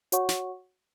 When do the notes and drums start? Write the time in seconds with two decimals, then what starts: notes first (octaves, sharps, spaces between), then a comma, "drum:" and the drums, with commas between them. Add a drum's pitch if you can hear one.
0.12 F#4 C#5 F#5 C#6, drum: hi-hat
0.29 drum: snare